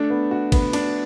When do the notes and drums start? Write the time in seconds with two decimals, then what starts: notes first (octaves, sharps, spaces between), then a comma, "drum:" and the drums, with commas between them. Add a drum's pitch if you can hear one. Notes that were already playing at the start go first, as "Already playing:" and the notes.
Already playing: A3 D4
0.10 B3
0.31 F#4
0.52 B3, drum: kick G#1, cymbal
0.73 D4, drum: cymbal